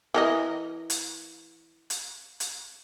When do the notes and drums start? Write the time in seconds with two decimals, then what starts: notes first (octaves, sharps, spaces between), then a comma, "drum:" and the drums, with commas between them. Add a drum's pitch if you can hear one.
0.14 E3 A#4 D#5
0.90 drum: hi-hat
1.90 drum: hi-hat
2.40 drum: hi-hat